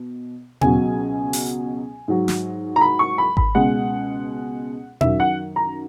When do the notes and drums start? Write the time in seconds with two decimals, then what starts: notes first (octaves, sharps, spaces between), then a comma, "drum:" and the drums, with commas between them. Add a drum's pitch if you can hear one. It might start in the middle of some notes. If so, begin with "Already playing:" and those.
Already playing: B2
0.61 C#2 B2 F#3 G#5, drum: tom A#2
1.33 drum: open hi-hat
2.08 G#2 F#3
2.28 drum: snare
2.76 A#5
2.81 B5
2.99 C#6
3.18 B5
3.37 B5, drum: kick G#1
3.55 C#2 B2 G#3 F#5
5.01 F#2 D#3 F#3 E5, drum: tom A#2
5.20 F#5
5.56 A#5